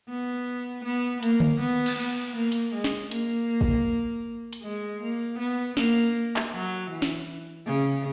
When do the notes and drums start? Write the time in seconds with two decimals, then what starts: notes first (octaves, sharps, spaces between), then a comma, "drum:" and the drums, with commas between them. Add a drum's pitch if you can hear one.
0.09 B3
0.84 B3
1.23 A#3, drum: hi-hat
1.40 drum: tom D3
1.60 B3
1.86 drum: cymbal
1.98 B3
2.36 A#3
2.52 drum: hi-hat
2.74 G#3
2.84 drum: snare
3.11 A#3, drum: hi-hat
3.61 drum: kick A1
4.53 drum: hi-hat
4.63 G#3
5.01 A#3
5.38 B3
5.77 A#3, drum: snare
6.36 drum: clap
6.52 F#3
6.90 E3
7.02 drum: snare
7.66 C#3